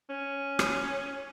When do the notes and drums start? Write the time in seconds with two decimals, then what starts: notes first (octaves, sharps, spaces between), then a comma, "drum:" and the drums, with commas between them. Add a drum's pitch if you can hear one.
0.10 C#4
0.59 drum: rim click